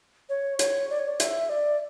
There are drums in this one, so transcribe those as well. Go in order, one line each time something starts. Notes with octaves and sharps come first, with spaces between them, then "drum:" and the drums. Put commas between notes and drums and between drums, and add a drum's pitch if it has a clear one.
C#5
C#5, drum: hi-hat
D5
C#5
D5
E5, drum: hi-hat
D5